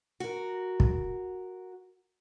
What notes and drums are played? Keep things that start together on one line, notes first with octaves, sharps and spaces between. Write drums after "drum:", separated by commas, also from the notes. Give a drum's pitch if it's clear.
F#4 A#4
drum: kick